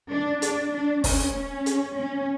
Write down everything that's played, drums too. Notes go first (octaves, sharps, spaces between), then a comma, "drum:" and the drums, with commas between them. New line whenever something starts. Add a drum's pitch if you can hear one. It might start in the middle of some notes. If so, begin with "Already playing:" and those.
D4
D4, drum: hi-hat
D4
C#4, drum: kick, open hi-hat
C#4
drum: hi-hat
C#4